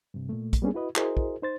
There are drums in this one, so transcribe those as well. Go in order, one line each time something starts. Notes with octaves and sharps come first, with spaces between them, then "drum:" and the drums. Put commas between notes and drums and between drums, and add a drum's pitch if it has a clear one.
G2 C3
A#2 A3
drum: kick, hi-hat
G3 A#3 B3 C#4 D4 G#4
E4 F#4 B4 D#5
E4 F#4 G#4 A#4 C5 D#5, drum: clap
drum: kick
D#4 C5 A6